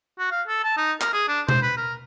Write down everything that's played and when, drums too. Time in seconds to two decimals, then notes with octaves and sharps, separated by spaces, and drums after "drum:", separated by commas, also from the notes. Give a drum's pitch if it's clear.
0.19 F#4
0.32 F5
0.48 A4
0.64 A5
0.77 D#4
1.01 A#4, drum: clap
1.14 G#4
1.28 D4
1.49 C5, drum: tom B2
1.62 B4
1.77 A#4